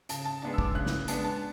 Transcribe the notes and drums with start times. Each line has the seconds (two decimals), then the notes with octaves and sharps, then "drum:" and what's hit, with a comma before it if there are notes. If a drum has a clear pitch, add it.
0.09 C#3 A5, drum: hi-hat
0.25 A5
0.42 G#3 B3 D4 A5
0.53 E6
0.58 D6, drum: kick
0.75 C#3 F#6
0.86 drum: snare
1.08 G#3 B3 D4 A5, drum: hi-hat
1.24 A5